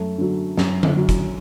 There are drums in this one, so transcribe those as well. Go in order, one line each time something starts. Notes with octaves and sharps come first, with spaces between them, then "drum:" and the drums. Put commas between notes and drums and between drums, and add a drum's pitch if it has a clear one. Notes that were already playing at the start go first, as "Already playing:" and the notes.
Already playing: F#2 A3
D3 F#3
F#2, drum: snare
drum: tom D3
D3 F#3
drum: kick, hi-hat